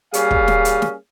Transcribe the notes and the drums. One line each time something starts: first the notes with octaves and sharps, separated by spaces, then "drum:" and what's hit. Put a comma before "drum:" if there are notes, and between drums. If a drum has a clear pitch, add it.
G3 A#3 C#4 G#4 F5, drum: hi-hat
drum: kick
drum: snare
drum: hi-hat
drum: snare